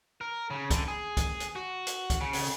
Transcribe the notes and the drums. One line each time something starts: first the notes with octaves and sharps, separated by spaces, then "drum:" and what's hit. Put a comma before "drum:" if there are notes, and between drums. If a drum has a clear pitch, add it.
A#4
C#3
D3, drum: kick, hi-hat
G#4
drum: kick, hi-hat
drum: hi-hat
F#4
drum: hi-hat
drum: kick, hi-hat
C#3
drum: open hi-hat